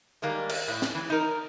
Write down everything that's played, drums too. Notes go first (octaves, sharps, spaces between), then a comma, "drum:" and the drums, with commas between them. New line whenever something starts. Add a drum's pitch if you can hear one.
D#3 G3 G#3 A#3
drum: cymbal
A2
drum: snare
E3
D#4 A#4